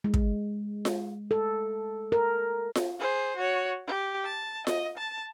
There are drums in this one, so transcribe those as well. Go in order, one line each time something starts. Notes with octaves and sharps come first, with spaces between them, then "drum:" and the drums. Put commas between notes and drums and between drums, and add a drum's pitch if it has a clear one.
G#3
drum: kick
drum: snare F4
A4
A#4
drum: snare F4
G#4 C5
F#4 C#5
G4
A5
D#5, drum: snare F4
A5